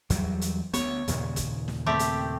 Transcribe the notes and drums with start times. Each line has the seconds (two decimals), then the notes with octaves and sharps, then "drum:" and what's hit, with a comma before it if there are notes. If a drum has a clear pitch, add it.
0.10 E2 F#3 G3, drum: hi-hat
0.41 drum: hi-hat
0.74 D2 B3 C#5, drum: hi-hat
1.08 D#2 A#2 C#3, drum: hi-hat
1.36 drum: kick G1, hi-hat
1.68 drum: snare
1.86 A3 C4 G4
1.99 drum: hi-hat